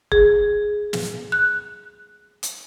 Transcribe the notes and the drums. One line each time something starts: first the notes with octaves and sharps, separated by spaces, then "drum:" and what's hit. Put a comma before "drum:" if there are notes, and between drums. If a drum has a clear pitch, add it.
G#4, drum: kick
drum: snare
F#6
drum: hi-hat